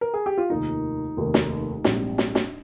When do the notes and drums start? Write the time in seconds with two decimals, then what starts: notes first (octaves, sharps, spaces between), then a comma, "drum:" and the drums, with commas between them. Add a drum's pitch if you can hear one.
0.01 A#4
0.14 G#4
0.26 G4
0.38 F4
0.50 F1 D#2 D#3 A#3 D#4
1.17 F1 D#2 D#3 A#3
1.34 drum: snare
1.84 A#1 G#2 G3 C4, drum: snare
2.18 drum: snare
2.35 drum: snare